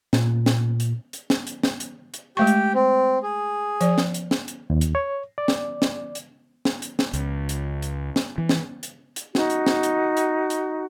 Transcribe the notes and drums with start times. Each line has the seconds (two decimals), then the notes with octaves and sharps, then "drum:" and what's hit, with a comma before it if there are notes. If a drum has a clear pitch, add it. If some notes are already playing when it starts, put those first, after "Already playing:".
0.13 A#2, drum: snare
0.46 drum: snare
0.80 drum: hi-hat
1.13 drum: hi-hat
1.30 drum: snare
1.47 drum: hi-hat
1.63 drum: snare
1.80 drum: hi-hat
2.14 drum: hi-hat
2.37 G#3 A3 G4 C#6
2.47 drum: hi-hat
2.74 C4
3.23 G#4
3.81 F3 D5, drum: hi-hat
3.98 drum: snare
4.14 drum: hi-hat
4.31 drum: snare
4.48 drum: hi-hat
4.70 D#2
4.81 drum: hi-hat
4.95 C#5
5.38 D5
5.48 drum: snare
5.82 drum: snare
6.15 drum: hi-hat
6.65 drum: snare
6.82 drum: hi-hat
6.99 drum: snare
7.14 C#2, drum: hi-hat
7.49 drum: hi-hat
7.82 drum: hi-hat
8.16 drum: snare
8.38 E3
8.49 drum: snare
8.83 drum: hi-hat
9.16 drum: hi-hat
9.35 D#4 F#4, drum: snare
9.50 drum: hi-hat
9.67 drum: snare
9.83 drum: hi-hat
10.17 drum: hi-hat
10.50 drum: hi-hat